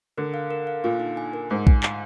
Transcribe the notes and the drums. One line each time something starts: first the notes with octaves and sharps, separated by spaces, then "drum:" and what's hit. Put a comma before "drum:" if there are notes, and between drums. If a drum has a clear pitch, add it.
D3 A#4
F5
A#4
F5
A#2 F5
D#4
G#5
A#4
G#2 D#4
G#5, drum: kick A#1
F5, drum: clap